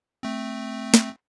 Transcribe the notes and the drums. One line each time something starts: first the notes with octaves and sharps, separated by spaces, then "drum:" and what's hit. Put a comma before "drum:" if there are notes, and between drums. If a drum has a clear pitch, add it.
A3 C4
drum: snare